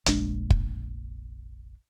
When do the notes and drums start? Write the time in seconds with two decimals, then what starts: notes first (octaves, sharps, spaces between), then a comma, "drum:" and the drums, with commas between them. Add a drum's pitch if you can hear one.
0.06 F1 A#1 G#3 D4, drum: hi-hat
0.50 drum: kick